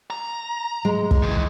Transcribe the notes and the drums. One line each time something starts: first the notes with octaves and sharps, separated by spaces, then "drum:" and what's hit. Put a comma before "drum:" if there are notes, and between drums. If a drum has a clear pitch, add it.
A#5
G#3
drum: kick
D#3 E3